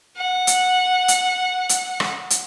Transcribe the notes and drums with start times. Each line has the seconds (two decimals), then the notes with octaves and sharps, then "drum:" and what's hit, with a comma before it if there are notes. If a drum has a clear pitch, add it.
0.17 F#5
0.47 drum: hi-hat
1.08 drum: hi-hat
1.69 drum: hi-hat
2.00 drum: rim click
2.30 drum: hi-hat